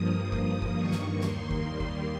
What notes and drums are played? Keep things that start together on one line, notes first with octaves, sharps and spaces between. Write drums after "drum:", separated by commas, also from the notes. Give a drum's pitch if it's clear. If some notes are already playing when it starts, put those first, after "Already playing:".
Already playing: G2 F3 A#3 D#6
G2 F3 A#3, drum: kick G1
drum: kick G1
G2 D#3 A#3 C#6
drum: snare
D#2 D#3 A#3 C6, drum: snare
drum: kick G1
D#2 D#3 G3 A#3
drum: kick G1